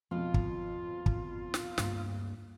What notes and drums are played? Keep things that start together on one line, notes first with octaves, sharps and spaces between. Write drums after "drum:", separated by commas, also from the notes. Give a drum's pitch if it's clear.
F2 B2 F3 C4 F4
drum: kick
drum: kick
drum: snare
D2 G2 A#3, drum: snare